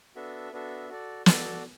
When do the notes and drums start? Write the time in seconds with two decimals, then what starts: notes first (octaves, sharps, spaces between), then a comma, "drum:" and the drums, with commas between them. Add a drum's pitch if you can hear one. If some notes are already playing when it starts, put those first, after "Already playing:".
0.15 B3 D4 F#4 A4 E5
0.52 B3 D4 F#4 A4 E5
0.89 F#4 A4 D5
1.26 F#4 A4 D5, drum: snare